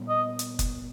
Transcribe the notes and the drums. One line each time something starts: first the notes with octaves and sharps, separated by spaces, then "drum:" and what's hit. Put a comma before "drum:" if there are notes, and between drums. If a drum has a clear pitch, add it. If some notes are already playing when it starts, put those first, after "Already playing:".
Already playing: A#2 G3 B3
D#5
drum: hi-hat
drum: kick F#1, hi-hat